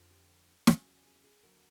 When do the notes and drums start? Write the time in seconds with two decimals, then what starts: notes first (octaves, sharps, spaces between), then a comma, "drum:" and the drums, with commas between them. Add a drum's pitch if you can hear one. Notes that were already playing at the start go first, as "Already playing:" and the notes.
Already playing: F2 D3 F3
0.11 G4
0.67 E2 C#3 F#3, drum: snare
1.05 G#4
1.24 G#4
1.43 D#2 D3 F#3 A#4